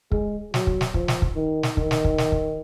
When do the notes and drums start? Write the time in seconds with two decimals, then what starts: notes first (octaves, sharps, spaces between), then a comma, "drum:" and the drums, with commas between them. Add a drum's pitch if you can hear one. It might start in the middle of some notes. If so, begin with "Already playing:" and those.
0.12 G#3, drum: kick
0.54 F#3, drum: snare
0.67 drum: kick
0.81 drum: snare
0.94 F3, drum: kick
1.08 drum: snare
1.22 drum: kick
1.36 D#3
1.63 drum: snare
1.77 D#3, drum: kick
1.91 drum: snare
2.05 drum: kick
2.18 drum: snare
2.32 drum: kick